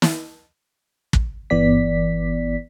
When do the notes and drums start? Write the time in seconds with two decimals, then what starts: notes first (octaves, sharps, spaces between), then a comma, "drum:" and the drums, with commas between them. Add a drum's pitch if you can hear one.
0.02 drum: snare
1.13 drum: kick
1.50 G1 E3 B3 D5 B6